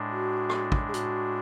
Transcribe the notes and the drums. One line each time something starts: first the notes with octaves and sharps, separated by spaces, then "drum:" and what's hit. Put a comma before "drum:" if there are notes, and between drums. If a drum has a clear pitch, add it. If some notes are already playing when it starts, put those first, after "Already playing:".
Already playing: A2 G#3 D4
F#4
drum: rim click
drum: kick
G#4
F#4, drum: hi-hat